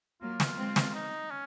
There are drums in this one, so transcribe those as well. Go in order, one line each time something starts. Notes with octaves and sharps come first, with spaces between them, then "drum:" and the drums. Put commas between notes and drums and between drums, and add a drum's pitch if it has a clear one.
F#3 A#3 F4
drum: snare
G#3 C4
drum: snare
D#4
C#4